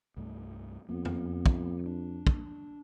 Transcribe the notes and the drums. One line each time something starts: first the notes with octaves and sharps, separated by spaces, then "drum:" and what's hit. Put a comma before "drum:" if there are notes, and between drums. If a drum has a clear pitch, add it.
C2 G2 A3
F2 A#3 B3
drum: tom F2
drum: kick
D4
drum: kick